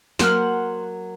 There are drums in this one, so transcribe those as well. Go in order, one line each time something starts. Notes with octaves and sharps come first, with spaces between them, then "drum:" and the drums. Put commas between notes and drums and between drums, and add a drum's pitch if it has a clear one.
F#3 A#3 C5 F#5 F6, drum: snare